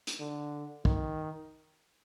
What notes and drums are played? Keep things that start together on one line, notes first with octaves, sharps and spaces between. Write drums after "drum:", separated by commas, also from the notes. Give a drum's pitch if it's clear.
drum: hi-hat
D3
D#3, drum: kick